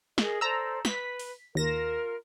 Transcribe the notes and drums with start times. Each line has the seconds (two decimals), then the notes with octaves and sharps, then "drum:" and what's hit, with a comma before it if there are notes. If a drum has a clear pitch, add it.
0.18 G#4 A#4 D#5, drum: snare
0.41 A4 C5 D5 A#5 E6
0.85 B4 B6, drum: snare
1.19 drum: open hi-hat
1.55 D#2 F4 A#4 A#6 E7